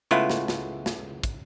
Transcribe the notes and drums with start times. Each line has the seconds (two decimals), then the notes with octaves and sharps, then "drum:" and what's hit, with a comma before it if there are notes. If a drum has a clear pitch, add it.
0.11 C#3 G#3 A3 B3 E4 F4, drum: hi-hat
0.30 drum: snare
0.48 drum: snare
0.86 drum: snare
1.24 drum: kick, hi-hat